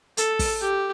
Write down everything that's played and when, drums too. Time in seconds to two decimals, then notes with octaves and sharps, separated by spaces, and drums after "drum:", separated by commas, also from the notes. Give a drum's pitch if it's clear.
0.17 A4, drum: hi-hat
0.39 drum: kick, open hi-hat
0.61 G4